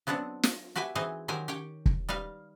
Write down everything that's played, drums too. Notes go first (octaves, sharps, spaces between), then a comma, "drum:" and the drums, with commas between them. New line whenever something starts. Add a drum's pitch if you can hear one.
F#3 B3 C4 D4 F#5
drum: snare
F#4 G4 B4 E5 G#5
E3 C4 D#4 G#4 C5
D#3 F#3 G4 A#4 C5 G#5
G4 C#5 G5
drum: kick
G3 D#4 B4 F5